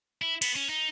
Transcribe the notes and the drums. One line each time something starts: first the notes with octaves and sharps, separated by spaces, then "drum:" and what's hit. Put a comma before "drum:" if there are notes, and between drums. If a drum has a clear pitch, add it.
E4
B3, drum: cymbal
C#4
D#4